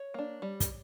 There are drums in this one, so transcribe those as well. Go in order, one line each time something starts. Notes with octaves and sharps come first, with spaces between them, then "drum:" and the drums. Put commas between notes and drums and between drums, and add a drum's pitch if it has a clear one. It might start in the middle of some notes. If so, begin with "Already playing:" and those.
Already playing: C#5
A#3 D4
G3
drum: kick, hi-hat